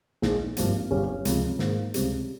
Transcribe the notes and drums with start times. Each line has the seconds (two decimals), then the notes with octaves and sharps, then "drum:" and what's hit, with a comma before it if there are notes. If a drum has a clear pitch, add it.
0.22 A#1 A#2 G#3 D#4, drum: snare
0.57 G#1 G2 F3 A#3, drum: hi-hat
0.91 G1 G2 G3 C#4
1.25 C#2 C3 F3, drum: hi-hat
1.59 G#2 D#3 A#3, drum: snare
1.94 C#2 C3 G3, drum: hi-hat